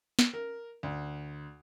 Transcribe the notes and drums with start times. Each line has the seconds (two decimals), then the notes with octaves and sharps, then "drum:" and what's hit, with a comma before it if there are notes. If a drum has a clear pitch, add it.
0.19 drum: snare
0.34 A#4
0.83 D2